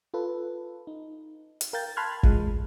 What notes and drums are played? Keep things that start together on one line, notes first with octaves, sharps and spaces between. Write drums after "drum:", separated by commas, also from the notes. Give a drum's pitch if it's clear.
F4 A4 B4
D#4
drum: hi-hat
A#4 F5 G5 G6 A6
A5 B5 C6 F6 F#6 G#6
A1 G#3 F4, drum: kick